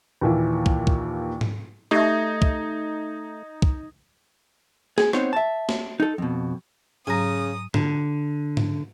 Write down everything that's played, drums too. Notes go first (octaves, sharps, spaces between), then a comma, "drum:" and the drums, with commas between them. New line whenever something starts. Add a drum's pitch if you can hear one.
D#2 A#2 E3
drum: kick
drum: kick
drum: tom G#2
A3 D#4 G4 E5 D#6 G#6 A#6
drum: kick
drum: kick
G#4, drum: snare
B3 C4 D#4 C5 C#5 F#5, drum: rim click
E5 A5
drum: snare
D#4 A4
F2 B2
G#2 C#3 F#3 G#5 A#5 D#6
D3, drum: tom G#2
drum: tom G#2